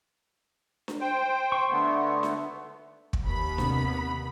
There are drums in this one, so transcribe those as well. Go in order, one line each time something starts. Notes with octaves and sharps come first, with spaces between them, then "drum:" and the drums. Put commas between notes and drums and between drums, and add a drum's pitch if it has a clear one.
drum: snare D4
C5 G5
C6 C#6
D3 A3 B3
drum: snare D4
drum: kick
D#2 B3 B5
C3 C4, drum: snare D4